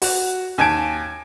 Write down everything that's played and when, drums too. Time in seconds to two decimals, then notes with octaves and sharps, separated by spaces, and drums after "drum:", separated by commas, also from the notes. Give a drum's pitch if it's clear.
0.02 F#4, drum: open hi-hat
0.58 D#2 G#5 A5 G#6 D7